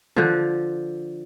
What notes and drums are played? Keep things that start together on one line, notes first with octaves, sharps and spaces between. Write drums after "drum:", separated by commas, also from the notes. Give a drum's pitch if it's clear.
D3 F3, drum: tom